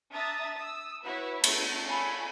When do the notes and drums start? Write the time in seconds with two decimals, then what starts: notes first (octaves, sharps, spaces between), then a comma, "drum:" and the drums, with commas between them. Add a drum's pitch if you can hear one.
0.12 D4 E5 A#5 D#6 A6
0.56 D#6 E6
1.04 E4 F#4 B4 C#5 E5
1.44 A3 C#5, drum: cymbal
1.86 A4 C#5 F5 G#5 B5